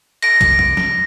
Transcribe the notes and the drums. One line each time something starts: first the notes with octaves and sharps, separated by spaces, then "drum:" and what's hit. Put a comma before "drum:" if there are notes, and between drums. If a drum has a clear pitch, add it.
A#6 D7, drum: cymbal
drum: kick C2, cymbal
drum: tom E2
drum: snare